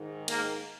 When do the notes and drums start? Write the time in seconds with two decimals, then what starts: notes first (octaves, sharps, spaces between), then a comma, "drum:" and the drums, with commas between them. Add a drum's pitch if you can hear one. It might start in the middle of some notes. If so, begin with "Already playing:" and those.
Already playing: G#2 D#3
0.28 A#3, drum: cymbal